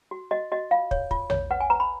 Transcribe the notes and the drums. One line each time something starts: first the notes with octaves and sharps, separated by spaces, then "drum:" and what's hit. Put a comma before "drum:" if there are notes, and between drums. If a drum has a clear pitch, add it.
F#4
F#4 D#5
F#4 D#5
F4 F5
C#5, drum: kick
F4, drum: kick
C#5, drum: tom
B4 F#5
G#5
B4 A#5
B5